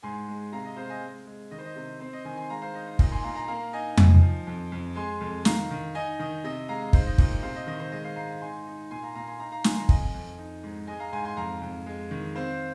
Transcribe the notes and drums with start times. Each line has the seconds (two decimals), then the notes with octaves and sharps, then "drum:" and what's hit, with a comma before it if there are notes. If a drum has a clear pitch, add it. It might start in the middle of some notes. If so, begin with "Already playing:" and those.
0.03 G#2 G#5 C6
0.28 G#3
0.52 C3 F5 A#5
0.65 D#5
0.77 C3 C5 F5
0.89 D#5 G#5
1.01 G#3
1.26 G#3
1.51 D#3 D#5
1.58 C5
1.65 D#5
1.76 C3
2.00 C4 C5
2.13 D#5
2.24 D#3 D#5 G#5
2.37 G#5 C6
2.50 G#3 F5 A#5
2.62 C5 F5
2.74 D#4 D#5
2.87 C5
2.99 A#2 D#5, drum: kick
3.11 G#5 C6
3.24 A#2 F5 A#5
3.35 F5 A#5
3.48 A#3 F5 A#5
3.73 D#4 D#5 G#5
3.98 F3, drum: tom F2
4.22 F3
4.47 F2
4.72 F2
4.96 G#3 G#5 C6
5.21 F2
5.45 D#3 F5 A#5, drum: snare
5.71 D#3
5.95 D#4 D#5 G#5
6.19 D#3 D#5
6.44 C3 D#5
6.68 G#3 F5 A#5
6.93 D#4 C5 F5, drum: kick
7.06 D#5
7.18 A#2 D#5, drum: kick
7.42 C3 C5 F5
7.55 D#5
7.67 D#3 D#5
7.79 C5
7.92 G#3 D#5
8.04 C5 F5
8.16 G#2 F5 A#5
8.41 D#4 G#5 C6
8.67 D#4
8.90 A#2 G#5 C6
9.03 F5 A#5
9.15 A#2 F5 A#5
9.27 G#5 C6
9.39 D#4 F5 A#5
9.52 F5 A#5
9.64 D#3 G#5 C6, drum: snare
9.76 F5 A#5
9.89 F2 D#5 G#5, drum: kick
10.14 F2
10.38 D#4
10.63 G#2
10.87 G#3 D#5 G#5
11.00 F5 A#5
11.12 G#2 G#5 C6
11.25 G#5 C6
11.37 F2 F5 A#5
11.61 F2
11.86 G#3
12.11 D#3
12.36 C4 C5 F5